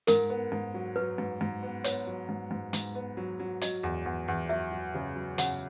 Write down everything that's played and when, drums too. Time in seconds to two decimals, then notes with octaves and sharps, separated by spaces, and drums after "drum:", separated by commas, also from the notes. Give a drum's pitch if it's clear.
0.07 G#2 A#4, drum: hi-hat
0.30 B3
0.52 G#2
0.74 F#3
0.96 F#3 B4
1.18 G#2
1.41 G#2
1.62 B3
1.84 B3 C#5, drum: hi-hat
2.07 F#3
2.29 G#2
2.51 G#2
2.73 G#2, drum: hi-hat
2.95 B3
3.17 F#3
3.39 F#3
3.61 F#3 D#5, drum: hi-hat
3.83 E2
4.06 E2
4.28 E2
4.49 F#3 E5
4.72 F#3
4.94 C#3
5.16 F#3
5.38 C#3 F#5, drum: hi-hat